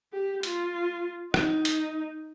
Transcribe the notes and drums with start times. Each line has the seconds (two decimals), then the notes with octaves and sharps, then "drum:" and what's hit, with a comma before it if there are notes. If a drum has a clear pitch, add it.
0.13 G4
0.43 F4, drum: hi-hat
1.34 D#4, drum: rim click
1.65 drum: hi-hat